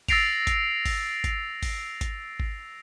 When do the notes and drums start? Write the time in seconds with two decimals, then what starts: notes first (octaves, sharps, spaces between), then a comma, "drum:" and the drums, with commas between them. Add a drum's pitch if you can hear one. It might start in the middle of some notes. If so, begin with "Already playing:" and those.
0.08 E6 A6 A#6 C7 D7 F7, drum: kick G#1, open hi-hat
0.47 drum: kick G#1, hi-hat
0.86 drum: kick G#1, open hi-hat
1.24 drum: kick G#1, hi-hat
1.63 drum: kick G#1, open hi-hat
2.01 drum: kick G#1, hi-hat
2.40 drum: kick G#1